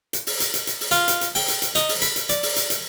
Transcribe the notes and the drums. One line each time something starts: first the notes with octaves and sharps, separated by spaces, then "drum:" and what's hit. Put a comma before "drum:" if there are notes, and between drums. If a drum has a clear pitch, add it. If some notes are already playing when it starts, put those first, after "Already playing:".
drum: hi-hat
drum: open hi-hat
drum: hi-hat
drum: hi-hat
drum: hi-hat
drum: open hi-hat
F4, drum: hi-hat
drum: hi-hat
drum: hi-hat
G5, drum: open hi-hat
drum: hi-hat
drum: hi-hat
D#4, drum: hi-hat
drum: open hi-hat
B5, drum: hi-hat
drum: hi-hat
D5, drum: hi-hat
drum: open hi-hat
drum: hi-hat
drum: hi-hat